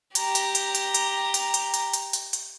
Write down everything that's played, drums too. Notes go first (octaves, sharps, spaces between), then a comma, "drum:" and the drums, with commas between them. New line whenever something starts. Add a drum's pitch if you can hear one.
G4 A#5, drum: hi-hat
drum: hi-hat
drum: hi-hat
drum: hi-hat
drum: hi-hat
drum: hi-hat
drum: hi-hat
drum: hi-hat
drum: hi-hat
drum: hi-hat
drum: hi-hat